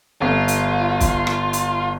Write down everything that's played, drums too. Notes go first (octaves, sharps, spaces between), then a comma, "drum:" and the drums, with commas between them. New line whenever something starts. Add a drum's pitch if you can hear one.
G1 F4
drum: hi-hat
drum: kick, hi-hat
drum: rim click
drum: hi-hat